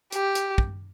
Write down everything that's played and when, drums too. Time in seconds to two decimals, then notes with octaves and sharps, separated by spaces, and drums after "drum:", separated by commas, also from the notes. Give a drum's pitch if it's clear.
0.12 G4, drum: hi-hat
0.35 drum: hi-hat
0.58 drum: kick